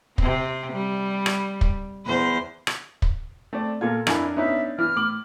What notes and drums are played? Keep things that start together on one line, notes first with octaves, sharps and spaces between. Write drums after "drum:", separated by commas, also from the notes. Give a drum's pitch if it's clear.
C3 C4, drum: kick
G3
drum: rim click
drum: kick
E2 C5
drum: rim click
drum: kick
A3 C4 D5
A#2 F4 A4 A#4 G#6
F2 D4 E4 A#4 G#5, drum: rim click
B3 C#4 D#4 E5
E3 F6
A2 D6 F#7